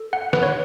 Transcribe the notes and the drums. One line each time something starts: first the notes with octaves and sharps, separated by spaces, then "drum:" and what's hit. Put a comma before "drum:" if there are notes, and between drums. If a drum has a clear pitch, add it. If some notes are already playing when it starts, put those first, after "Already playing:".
Already playing: A4
F#5
B4, drum: snare
C#5